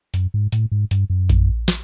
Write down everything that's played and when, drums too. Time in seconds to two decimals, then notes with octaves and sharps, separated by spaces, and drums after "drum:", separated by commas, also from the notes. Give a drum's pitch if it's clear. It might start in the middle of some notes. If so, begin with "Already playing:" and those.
0.14 F#2, drum: hi-hat
0.34 G#2
0.52 A2, drum: hi-hat
0.72 G#2
0.91 G2, drum: hi-hat
1.10 F#2
1.29 drum: kick A#1, hi-hat
1.68 drum: snare